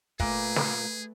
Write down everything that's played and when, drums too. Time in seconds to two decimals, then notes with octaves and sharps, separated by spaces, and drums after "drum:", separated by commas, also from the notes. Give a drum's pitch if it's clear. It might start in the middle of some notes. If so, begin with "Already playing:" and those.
0.20 A#2 A3 G#4 B4, drum: kick
0.56 drum: snare